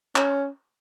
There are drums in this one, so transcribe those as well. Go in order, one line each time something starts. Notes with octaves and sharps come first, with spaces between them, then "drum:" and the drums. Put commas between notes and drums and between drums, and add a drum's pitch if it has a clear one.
C#4, drum: clap